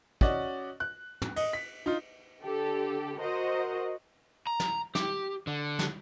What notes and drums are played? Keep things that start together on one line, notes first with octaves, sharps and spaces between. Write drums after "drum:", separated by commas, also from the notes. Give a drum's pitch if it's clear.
C#4 F#4 D5 D#5, drum: kick
F#6
drum: tom
D#5, drum: cymbal
B6
D#4 F4
D3 G4 A4
F#4 A#4 C5 D#5 F#5
A#5
drum: snare
G4, drum: snare
D3
drum: snare